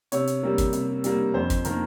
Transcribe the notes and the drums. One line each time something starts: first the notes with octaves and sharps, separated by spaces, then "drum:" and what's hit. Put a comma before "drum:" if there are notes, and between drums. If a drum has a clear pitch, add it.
C3 C#5, drum: hi-hat
drum: hi-hat
G3 A#3
drum: kick, hi-hat
C3, drum: hi-hat
G3 A#3, drum: hi-hat
F2 C5
drum: kick, hi-hat
D#3 A#3 A#4, drum: hi-hat